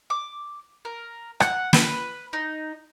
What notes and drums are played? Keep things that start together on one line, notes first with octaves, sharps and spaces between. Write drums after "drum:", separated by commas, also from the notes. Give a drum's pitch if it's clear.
D6
A#4
F#5, drum: rim click
B4, drum: snare
D#4